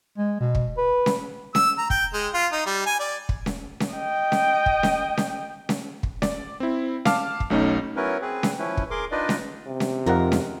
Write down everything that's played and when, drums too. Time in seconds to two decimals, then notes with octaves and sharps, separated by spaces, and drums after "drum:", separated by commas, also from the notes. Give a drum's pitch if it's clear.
0.18 G#3
0.40 B2
0.55 drum: kick
0.77 B4
1.06 drum: snare C#4
1.55 E6, drum: snare C#4
1.78 A#5
1.90 G5, drum: kick
2.14 G#3
2.34 F4
2.52 D#4
2.66 G3
2.86 G#5
3.00 D5
3.29 drum: kick
3.46 drum: snare C#4
3.80 drum: snare C#4
3.95 D#5 G5
4.32 drum: snare C#4
4.66 drum: kick
4.83 drum: snare C#4
5.17 drum: snare C#4
5.69 drum: snare C#4
6.03 drum: kick
6.22 D5, drum: snare C#4
6.60 C4 E4
7.05 F5 A5 D6 F6, drum: snare C#4
7.40 drum: kick
7.50 B1 A3 C#4 D#4
7.96 F#3 B3 C#4 E4 A#4 B4
8.22 C4 G#4 B4
8.43 drum: snare C#4
8.59 F3 C#4 E4 B4
8.77 drum: kick
8.91 G#4 A#4 C6 D6
9.12 D4 D#4 F4 B4 D5 D#5
9.29 drum: snare C#4
9.67 C3
9.80 drum: snare C#4
10.06 F2 D#3 A#4 F5 F#5
10.32 drum: snare C#4